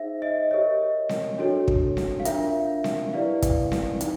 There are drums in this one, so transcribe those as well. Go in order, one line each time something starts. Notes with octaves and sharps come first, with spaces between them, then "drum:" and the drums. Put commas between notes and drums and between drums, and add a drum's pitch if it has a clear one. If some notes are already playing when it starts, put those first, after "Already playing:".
Already playing: D#4 G#4 C5 E5
D#5
G4 A#4 C#5 D#5
drum: snare C4
D4 F#4 A4 C#5
drum: kick
drum: snare C4
F5
D4 F4 A#4 E5, drum: hi-hat
drum: snare C4
E4 G4 B4 D5 F5
drum: kick, hi-hat
drum: snare C4
D#4, drum: hi-hat